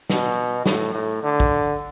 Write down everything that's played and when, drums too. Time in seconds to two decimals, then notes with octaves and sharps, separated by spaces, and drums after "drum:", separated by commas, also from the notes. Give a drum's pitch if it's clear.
0.10 B2, drum: snare
0.66 A2, drum: snare
0.95 A2
1.23 D3
1.40 drum: kick